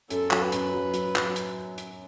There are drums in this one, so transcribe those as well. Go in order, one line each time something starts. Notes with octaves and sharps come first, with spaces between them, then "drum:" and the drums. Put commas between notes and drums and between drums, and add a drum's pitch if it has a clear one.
F#2 A4, drum: hi-hat
F#3, drum: clap
B4
F#2, drum: hi-hat
F#3
F#3, drum: hi-hat
F#3, drum: clap
drum: hi-hat
drum: hi-hat